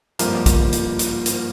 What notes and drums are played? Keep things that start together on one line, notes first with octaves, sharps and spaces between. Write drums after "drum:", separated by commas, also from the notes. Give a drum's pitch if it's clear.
G#1 G2 F3 A#3, drum: hi-hat
drum: kick, hi-hat
drum: hi-hat
drum: hi-hat
drum: hi-hat